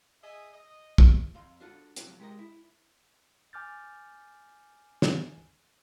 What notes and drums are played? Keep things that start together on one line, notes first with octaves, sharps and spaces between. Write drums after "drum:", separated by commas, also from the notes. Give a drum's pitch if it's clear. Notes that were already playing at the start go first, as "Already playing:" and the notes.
G#4 D#5 E5 G#5
D#5
drum: kick
F2 F5 C6
D4 F4 F#4 A4
A2 C3 F3 F#3, drum: hi-hat
G#3 G4 A#4 D#5
E4
G#5 D6 F6 G6 A6
drum: snare